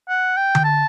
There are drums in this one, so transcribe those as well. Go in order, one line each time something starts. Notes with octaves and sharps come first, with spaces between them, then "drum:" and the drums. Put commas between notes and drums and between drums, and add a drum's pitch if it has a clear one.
F#5
G5
drum: tom D3
A5